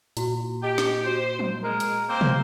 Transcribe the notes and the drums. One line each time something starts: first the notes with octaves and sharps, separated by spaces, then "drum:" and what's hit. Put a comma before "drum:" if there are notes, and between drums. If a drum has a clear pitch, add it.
A#2 E4 F#4, drum: hi-hat
G4 D#5 G#5
drum: snare
F#4 C5
drum: tom F3
G#3 A#4
drum: hi-hat
A#3 C4 C5
drum: tom